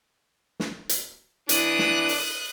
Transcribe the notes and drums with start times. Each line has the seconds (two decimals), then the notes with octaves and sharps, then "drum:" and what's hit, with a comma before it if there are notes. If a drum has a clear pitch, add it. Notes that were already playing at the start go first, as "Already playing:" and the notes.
0.60 drum: snare
0.89 drum: hi-hat
1.49 E3 D4 D#6 F#6, drum: hi-hat
1.79 drum: snare
2.09 drum: open hi-hat